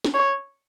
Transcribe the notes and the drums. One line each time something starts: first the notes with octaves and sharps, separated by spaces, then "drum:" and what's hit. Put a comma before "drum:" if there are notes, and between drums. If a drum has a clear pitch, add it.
drum: snare
C#5